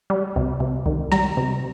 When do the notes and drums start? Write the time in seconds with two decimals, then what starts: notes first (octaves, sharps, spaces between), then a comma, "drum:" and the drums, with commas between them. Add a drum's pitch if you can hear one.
0.10 G3
0.36 C3, drum: kick C2
0.60 C3
0.86 D#3, drum: kick C2
1.12 G3 A#5, drum: snare
1.37 C3